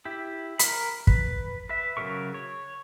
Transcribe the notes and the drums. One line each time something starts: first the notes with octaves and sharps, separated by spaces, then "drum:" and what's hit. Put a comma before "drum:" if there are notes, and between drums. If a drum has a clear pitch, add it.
E4 G4
A#4 B5, drum: hi-hat
B4, drum: kick
B4 E5
C#3 F3 F#3 A#4 C#6
C#5